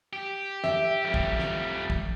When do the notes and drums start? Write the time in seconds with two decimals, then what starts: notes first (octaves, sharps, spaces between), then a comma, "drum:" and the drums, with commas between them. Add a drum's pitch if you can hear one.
0.13 G4
0.64 E5, drum: snare
1.04 F2 G3
1.14 drum: kick
1.39 drum: snare
1.90 drum: kick